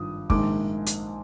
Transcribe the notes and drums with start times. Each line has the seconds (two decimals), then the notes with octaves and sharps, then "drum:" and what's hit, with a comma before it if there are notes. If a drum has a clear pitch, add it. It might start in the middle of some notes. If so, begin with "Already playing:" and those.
Already playing: G#1 G2 F3 D#6
0.30 A#1 G#2 D#3 G#3 D6, drum: kick
0.86 drum: hi-hat